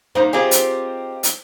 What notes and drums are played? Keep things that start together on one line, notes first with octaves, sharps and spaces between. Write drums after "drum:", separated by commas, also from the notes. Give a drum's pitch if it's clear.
A#2 A#3 D#4 C5
C4 D#4 F4 G4 G#4
drum: hi-hat
drum: hi-hat